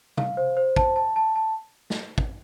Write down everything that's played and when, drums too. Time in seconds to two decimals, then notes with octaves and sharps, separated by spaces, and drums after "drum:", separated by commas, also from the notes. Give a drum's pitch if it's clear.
0.17 F5, drum: tom C3
0.37 C5
0.57 C5
0.76 A5, drum: kick
0.96 A5
1.16 A5
1.36 A5
1.90 drum: snare
2.18 drum: kick